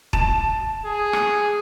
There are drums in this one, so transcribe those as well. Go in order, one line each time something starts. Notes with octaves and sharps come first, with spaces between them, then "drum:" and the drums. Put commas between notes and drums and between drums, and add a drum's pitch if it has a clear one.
A5 A6 E7, drum: kick
G#4
drum: rim click